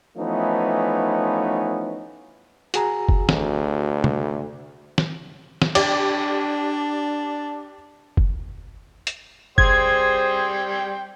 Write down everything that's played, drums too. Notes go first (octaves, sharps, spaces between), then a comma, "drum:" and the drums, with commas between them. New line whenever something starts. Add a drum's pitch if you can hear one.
E3 F3 A3 B3 C#4 D#4
F#4 G#4 A#5, drum: hi-hat
drum: kick F#1
D2, drum: snare
drum: tom C3
drum: snare
drum: snare
D4 G4 D5, drum: cymbal
drum: kick F#1
drum: hi-hat
G3 G#4 C5 G5 C6 G#6, drum: kick F#1